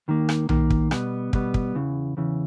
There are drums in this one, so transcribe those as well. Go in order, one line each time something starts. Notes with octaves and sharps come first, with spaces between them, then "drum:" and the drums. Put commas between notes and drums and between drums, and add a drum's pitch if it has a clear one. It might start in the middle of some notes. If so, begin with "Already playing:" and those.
D#2 D#3 A#3
drum: rim click
D#2 D#3 A#3, drum: tom B1
drum: kick
B2 G3 B3, drum: rim click
B2 G3 B3, drum: kick
drum: kick
E2 C#3 E3
E2 C#3 E3